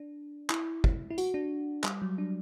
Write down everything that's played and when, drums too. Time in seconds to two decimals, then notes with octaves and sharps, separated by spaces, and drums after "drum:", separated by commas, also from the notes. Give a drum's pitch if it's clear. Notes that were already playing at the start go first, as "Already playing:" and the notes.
Already playing: D4
0.50 E4, drum: clap
0.84 drum: kick
1.10 E4
1.18 F#4, drum: tambourine
1.34 D4
1.84 G3, drum: clap
2.02 F#3
2.18 D4